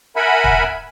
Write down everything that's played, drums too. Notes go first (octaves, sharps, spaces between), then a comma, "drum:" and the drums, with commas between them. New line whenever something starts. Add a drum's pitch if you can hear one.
A#4 E5 F#5 G#5 B5
drum: kick